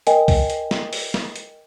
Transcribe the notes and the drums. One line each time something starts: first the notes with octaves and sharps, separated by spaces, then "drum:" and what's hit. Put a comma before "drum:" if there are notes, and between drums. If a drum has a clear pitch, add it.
A#4 D#5 G5 G#5, drum: hi-hat
drum: kick C2, open hi-hat
drum: hi-hat
drum: snare
drum: open hi-hat
drum: snare
drum: hi-hat